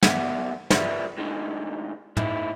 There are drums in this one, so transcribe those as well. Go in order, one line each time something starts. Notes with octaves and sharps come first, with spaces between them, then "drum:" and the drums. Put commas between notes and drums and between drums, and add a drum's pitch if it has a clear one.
F#3 G3 B3 A#4 E5 F#5, drum: snare
F4 G#4 A#4 B4 D5 E5, drum: snare
B1 A2 D#3 G#3 D4 D#4
D#3 A3 D#4 E4, drum: tom